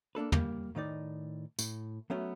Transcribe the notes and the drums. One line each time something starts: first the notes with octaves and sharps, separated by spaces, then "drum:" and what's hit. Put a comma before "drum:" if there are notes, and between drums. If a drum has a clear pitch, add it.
A#3 D4 A4 B4
G3 A#3, drum: tom
A2 D#3 D#4 D5
A2, drum: tambourine
F#3 A3 B3 C#4